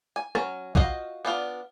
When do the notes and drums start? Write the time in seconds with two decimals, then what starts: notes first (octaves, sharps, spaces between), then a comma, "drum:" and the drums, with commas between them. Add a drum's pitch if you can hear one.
0.16 G#5
0.35 F#3 C#4, drum: rim click
0.75 F4 F#4 C5 D#5 F5, drum: kick
1.25 B3 D4 F4